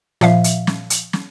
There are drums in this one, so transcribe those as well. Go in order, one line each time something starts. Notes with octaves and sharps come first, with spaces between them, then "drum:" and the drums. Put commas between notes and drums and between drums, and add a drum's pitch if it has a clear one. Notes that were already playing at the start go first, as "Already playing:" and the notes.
A#2 F3 E5 F5, drum: snare
drum: hi-hat
drum: snare
drum: hi-hat
drum: snare